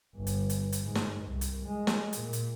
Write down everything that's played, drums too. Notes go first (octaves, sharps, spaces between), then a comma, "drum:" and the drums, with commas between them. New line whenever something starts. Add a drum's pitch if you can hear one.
G1
drum: hi-hat
drum: hi-hat
drum: hi-hat
G#2
drum: snare
C2
drum: hi-hat
G#3
drum: snare
A#2, drum: hi-hat
drum: hi-hat